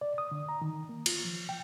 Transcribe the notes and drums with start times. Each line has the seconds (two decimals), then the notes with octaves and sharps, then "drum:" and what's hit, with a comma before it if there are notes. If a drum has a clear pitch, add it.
0.01 D5
0.18 D#6
0.31 D3
0.49 A#5
0.62 D#3
0.89 A#3
1.06 F4, drum: cymbal
1.25 F3
1.49 G5